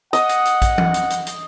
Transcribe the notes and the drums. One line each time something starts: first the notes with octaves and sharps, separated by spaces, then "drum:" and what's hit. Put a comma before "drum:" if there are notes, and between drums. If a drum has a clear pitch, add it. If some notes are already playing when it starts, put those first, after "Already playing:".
D#5 F#5, drum: hi-hat
drum: hi-hat
drum: hi-hat
drum: kick A#1, hi-hat
drum: tom E3
drum: hi-hat
drum: hi-hat
drum: hi-hat